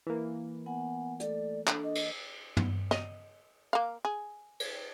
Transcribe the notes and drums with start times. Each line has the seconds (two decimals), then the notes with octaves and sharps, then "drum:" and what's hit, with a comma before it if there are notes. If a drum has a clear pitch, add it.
0.07 E3 A#3
0.66 B3 F#5 G#5
1.20 A3 A4 D5, drum: hi-hat
1.67 D4 A4, drum: clap
1.84 D#5
1.95 drum: cymbal
2.57 drum: tom
2.91 D#5, drum: snare
3.73 A#3 F5
4.05 G#4
4.60 drum: cymbal